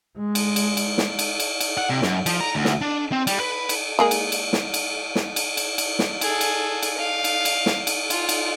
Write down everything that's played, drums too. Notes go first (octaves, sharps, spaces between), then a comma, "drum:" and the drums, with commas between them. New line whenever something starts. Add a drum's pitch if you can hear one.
G#3
drum: cymbal
drum: cymbal
drum: cymbal
drum: snare
drum: cymbal
drum: cymbal
drum: cymbal
F#5
C3
F#2, drum: snare
F3, drum: cymbal
A#5
D2
drum: snare
D4
C4
G3, drum: cymbal
B4
drum: cymbal
G#3 A#3 G#4
drum: cymbal
drum: cymbal
drum: snare
drum: cymbal
drum: snare
drum: cymbal
drum: cymbal
drum: cymbal
drum: snare
G#4 A4, drum: cymbal
drum: cymbal
drum: cymbal
F5
drum: cymbal
drum: cymbal
drum: snare
drum: cymbal
F4, drum: cymbal
drum: cymbal